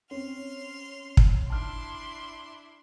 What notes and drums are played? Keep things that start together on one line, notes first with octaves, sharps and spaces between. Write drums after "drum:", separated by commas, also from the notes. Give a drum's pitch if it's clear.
C4 C#4 C6 F6
drum: kick
D4 E4 A5 C6 F6